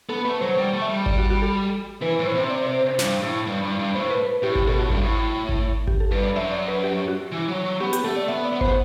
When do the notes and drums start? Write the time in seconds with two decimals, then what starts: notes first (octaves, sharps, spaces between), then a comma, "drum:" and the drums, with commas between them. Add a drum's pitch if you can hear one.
0.09 B3 A4
0.25 A3 B4
0.41 F#3 C5
0.58 G3
0.74 A3
0.82 E5
0.90 G3
1.06 D5, drum: kick G#1
1.18 F#4
1.30 F#4
1.42 A4
2.02 E3 B4
2.19 A2
2.26 C5
2.35 C3
2.50 D5
2.67 C5
2.82 C5
2.99 G2, drum: snare
3.23 A2
3.47 G2
3.63 G2
3.79 G2
3.95 A2 C5
4.10 B4
4.27 B4
4.43 A2 G4
4.55 G4, drum: kick G#1
4.67 B2 A4
4.79 A2 F#4
4.90 G2 F#4, drum: kick G#1
5.01 A2
5.49 drum: kick G#1
5.87 G4, drum: kick G#1
6.00 A4
6.12 G2 B4
6.23 D5
6.36 F#2 E5
6.51 D5
6.68 B4
6.84 G4
7.08 F#4
7.32 E3
7.49 F#3
7.64 F#3
7.81 B3 G4
7.93 G4, drum: hi-hat
8.04 A3 A4
8.16 D5
8.28 B3 E5
8.45 D5
8.53 B3
8.61 C5, drum: kick G#1